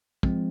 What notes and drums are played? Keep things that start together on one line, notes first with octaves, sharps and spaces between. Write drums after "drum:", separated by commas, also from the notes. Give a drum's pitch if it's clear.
F3 G#3 C4, drum: kick